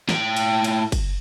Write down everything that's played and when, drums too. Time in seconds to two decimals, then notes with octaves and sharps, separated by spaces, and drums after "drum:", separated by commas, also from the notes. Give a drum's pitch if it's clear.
0.09 A2 G5, drum: snare
0.37 drum: cymbal
0.64 drum: cymbal
0.92 drum: kick, cymbal